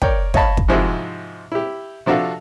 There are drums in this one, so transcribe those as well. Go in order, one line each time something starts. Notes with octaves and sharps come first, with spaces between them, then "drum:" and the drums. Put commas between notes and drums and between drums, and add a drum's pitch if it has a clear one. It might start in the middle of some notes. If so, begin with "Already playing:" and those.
A#4 C#5 D5 G5, drum: kick
C#5 D#5 F5 A5 B5, drum: kick
drum: kick
G#2 C3 F3 G#3 E4 F#4
E4 G4
C3 F3 D4 F#4 A4 F5